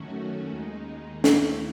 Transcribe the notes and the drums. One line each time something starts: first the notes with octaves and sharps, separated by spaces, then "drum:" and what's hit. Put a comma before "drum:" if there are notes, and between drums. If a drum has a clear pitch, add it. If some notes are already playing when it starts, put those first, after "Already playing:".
Already playing: F#2 D#3 A3 C#4 F#4
D#2 D#3 G#3 D#4
D#2 D#3 A3 E4, drum: snare